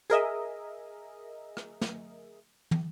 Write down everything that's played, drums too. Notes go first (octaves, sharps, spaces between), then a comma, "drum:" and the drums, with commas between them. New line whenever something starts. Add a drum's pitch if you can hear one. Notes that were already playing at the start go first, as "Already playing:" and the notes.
G#4 A#4 D#5 E5, drum: hi-hat
drum: rim click
drum: snare
drum: tom